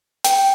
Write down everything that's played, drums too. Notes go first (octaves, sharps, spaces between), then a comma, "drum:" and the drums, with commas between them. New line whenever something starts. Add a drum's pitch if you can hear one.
G5, drum: hi-hat